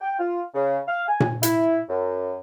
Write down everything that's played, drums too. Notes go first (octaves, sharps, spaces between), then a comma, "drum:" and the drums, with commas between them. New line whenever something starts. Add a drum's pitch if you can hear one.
G5
F4
C#3
F5
G#5
drum: tom A#2
E4, drum: hi-hat
F#2